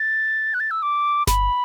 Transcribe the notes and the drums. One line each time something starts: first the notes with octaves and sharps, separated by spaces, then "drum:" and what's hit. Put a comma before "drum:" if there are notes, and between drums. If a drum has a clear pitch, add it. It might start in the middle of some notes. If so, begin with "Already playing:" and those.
Already playing: A6
F#6
A6
E6
D6
B5, drum: snare G1